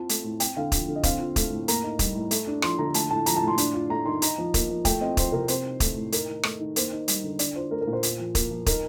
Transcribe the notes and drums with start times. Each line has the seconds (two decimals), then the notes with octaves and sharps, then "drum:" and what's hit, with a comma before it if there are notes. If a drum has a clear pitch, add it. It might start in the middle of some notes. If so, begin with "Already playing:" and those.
Already playing: C4 F4 A5
0.09 A3, drum: hi-hat
0.24 A2
0.40 C4 G5, drum: hi-hat
0.57 D3 F5
0.72 F3, drum: kick, hi-hat
0.88 D3
0.96 D#5
1.03 C4 F5, drum: kick, hi-hat
1.19 F4
1.36 A3, drum: kick, hi-hat
1.52 A2
1.68 A#3 A#5, drum: hi-hat
1.83 D#4
1.99 G3, drum: kick, hi-hat
2.15 A2
2.31 A3, drum: hi-hat
2.47 D4
2.62 F3 C6, drum: rim click
2.79 D3 A#5
2.94 A3 A5, drum: hi-hat
3.11 A2 A5
3.26 F3 A#5, drum: hi-hat
3.36 A5
3.42 A2
3.48 C6
3.58 D4, drum: hi-hat
3.74 F4
3.89 A3 A#5
4.06 D#3 C6
4.22 D#4 A#5, drum: hi-hat
4.38 F3
4.54 A#3, drum: kick, hi-hat
4.70 F3
4.85 A3 G5, drum: kick, hi-hat
5.01 C4 D#5
5.17 F3 C5, drum: kick, hi-hat
5.32 C3 A#4
5.48 C4 C5, drum: hi-hat
5.64 D#4
5.80 A3, drum: kick, hi-hat
5.96 A2
6.12 D#4 A#4, drum: hi-hat
6.29 D#3
6.43 A3, drum: rim click
6.60 D#3
6.76 A#3 C5, drum: hi-hat
6.92 D#4
7.08 G3, drum: hi-hat
7.24 D3
7.39 D4 D5, drum: hi-hat
7.55 F4 C5
7.71 A3 A#4
7.81 A#4
7.87 A#2
7.93 C5
8.03 F4, drum: hi-hat
8.19 F3
8.35 A#3, drum: kick, hi-hat
8.51 F3
8.66 D#4 A#4, drum: kick, hi-hat